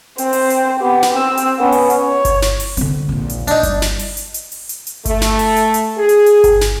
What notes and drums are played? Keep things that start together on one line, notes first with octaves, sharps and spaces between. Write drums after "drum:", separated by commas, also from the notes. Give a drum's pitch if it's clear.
C4 C5, drum: hi-hat
drum: open hi-hat
drum: hi-hat
B3 G4
drum: snare
C4 E6
drum: hi-hat
B3 C#4
drum: open hi-hat
drum: hi-hat
C#5
drum: kick G1, hi-hat
drum: snare
drum: open hi-hat
D3 C4, drum: hi-hat
A#1 D#2
drum: hi-hat
D4 D#4, drum: hi-hat
G3, drum: kick G1, hi-hat
drum: snare
drum: open hi-hat
drum: hi-hat
drum: hi-hat
drum: open hi-hat
drum: hi-hat
drum: hi-hat
A3, drum: kick G1, hi-hat
drum: snare
drum: open hi-hat
drum: hi-hat
drum: hi-hat
G#4
drum: hi-hat
drum: hi-hat
drum: kick G1, hi-hat
drum: snare